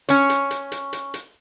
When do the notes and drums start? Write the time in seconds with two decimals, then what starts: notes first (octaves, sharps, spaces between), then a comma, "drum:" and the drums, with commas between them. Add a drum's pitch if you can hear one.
0.09 C#4 C#5, drum: hi-hat
0.30 drum: hi-hat
0.51 drum: hi-hat
0.72 drum: hi-hat
0.93 drum: hi-hat
1.14 drum: hi-hat